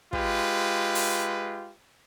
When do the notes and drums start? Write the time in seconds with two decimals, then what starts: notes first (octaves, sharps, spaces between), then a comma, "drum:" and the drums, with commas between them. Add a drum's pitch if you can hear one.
0.13 G#3 F4 G4 B4, drum: kick
0.95 drum: open hi-hat